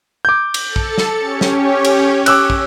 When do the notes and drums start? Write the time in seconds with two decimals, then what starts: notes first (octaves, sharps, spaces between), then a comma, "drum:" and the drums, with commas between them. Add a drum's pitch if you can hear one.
0.25 D6 G6
0.54 drum: cymbal
0.66 A4 A6 C#7
0.76 drum: kick
0.98 drum: snare
1.19 C#4 G4 C#5
1.41 drum: snare
1.85 drum: cymbal
2.26 D6 E6 F#6, drum: cymbal
2.50 drum: kick